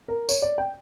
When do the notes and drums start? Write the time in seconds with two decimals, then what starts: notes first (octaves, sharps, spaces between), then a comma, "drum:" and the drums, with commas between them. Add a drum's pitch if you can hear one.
0.08 A#4
0.29 C#5, drum: tambourine
0.42 D5
0.58 G5